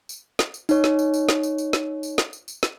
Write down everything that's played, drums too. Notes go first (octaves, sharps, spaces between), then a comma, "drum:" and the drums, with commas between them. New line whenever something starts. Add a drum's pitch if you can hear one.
drum: tambourine
drum: snare
drum: tambourine
D#4 C#5, drum: tambourine
drum: snare
drum: tambourine
drum: tambourine
drum: snare
drum: tambourine
drum: tambourine
drum: snare
drum: tambourine
drum: snare
drum: tambourine
drum: tambourine
drum: snare